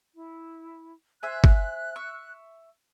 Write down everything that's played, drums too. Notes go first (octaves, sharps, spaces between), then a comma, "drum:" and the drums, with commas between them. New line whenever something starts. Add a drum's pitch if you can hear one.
E4
C5 E5 G#5 F#6
drum: kick
E5 C#6